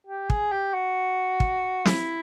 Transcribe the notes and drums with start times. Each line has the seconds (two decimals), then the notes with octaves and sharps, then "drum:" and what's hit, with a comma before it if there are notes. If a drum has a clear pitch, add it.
0.07 G4
0.30 G#4, drum: kick
0.52 G4
0.74 F#4
1.40 drum: kick
1.85 E4, drum: snare